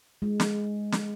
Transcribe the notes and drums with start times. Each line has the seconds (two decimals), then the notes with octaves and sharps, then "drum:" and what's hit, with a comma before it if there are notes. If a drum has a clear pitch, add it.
0.22 G#3
0.40 drum: snare
0.92 drum: snare